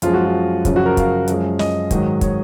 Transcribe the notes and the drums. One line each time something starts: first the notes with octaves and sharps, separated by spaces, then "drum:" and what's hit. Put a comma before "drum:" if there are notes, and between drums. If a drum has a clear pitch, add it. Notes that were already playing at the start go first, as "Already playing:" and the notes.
F#2 F3 G#3 F4, drum: hi-hat
F#4
F4
F#2 C#3 F3, drum: kick, hi-hat
F#4
A#4
F5, drum: kick, hi-hat
F#2 F3 G#3, drum: hi-hat
D#5, drum: snare
G#2 D#3 F#3, drum: kick, hi-hat
C#5, drum: kick, hi-hat